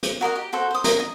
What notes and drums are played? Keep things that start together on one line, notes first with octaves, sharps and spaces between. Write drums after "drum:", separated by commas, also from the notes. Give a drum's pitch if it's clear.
drum: hi-hat
F#4 A#4 D#5 F#5
G4
F#4 A4 C5 F#5
C5 D#6
A#4, drum: hi-hat
D#5